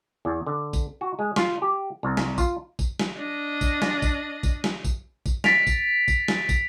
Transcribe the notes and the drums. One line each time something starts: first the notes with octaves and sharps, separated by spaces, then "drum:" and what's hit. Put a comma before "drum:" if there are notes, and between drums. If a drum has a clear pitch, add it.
E2
D3
drum: kick, tambourine
F#4
G#3
F4, drum: snare
G4
C2
drum: snare
F4, drum: kick, tambourine
drum: kick, tambourine
drum: snare
D4 D#5
drum: kick, tambourine
drum: snare
drum: kick, tambourine
drum: kick, tambourine
drum: snare
drum: kick, tambourine
drum: kick, tambourine
A6 B6 D7 F7, drum: snare
drum: kick, tambourine
drum: kick, tambourine
drum: snare
drum: kick, tambourine